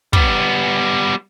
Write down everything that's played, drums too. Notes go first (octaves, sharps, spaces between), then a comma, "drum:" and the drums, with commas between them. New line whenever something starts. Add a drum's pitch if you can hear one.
G3 B3, drum: kick